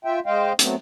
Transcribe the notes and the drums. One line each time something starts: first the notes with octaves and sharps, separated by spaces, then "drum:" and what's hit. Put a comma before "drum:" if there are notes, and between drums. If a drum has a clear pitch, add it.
F4 E5 G5
G#3 C5 D#5 F5 G5
F#3 A3 B3 C4, drum: hi-hat